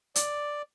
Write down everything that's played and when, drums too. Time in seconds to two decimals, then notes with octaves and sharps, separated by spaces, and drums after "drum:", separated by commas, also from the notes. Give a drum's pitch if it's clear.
0.15 D5, drum: hi-hat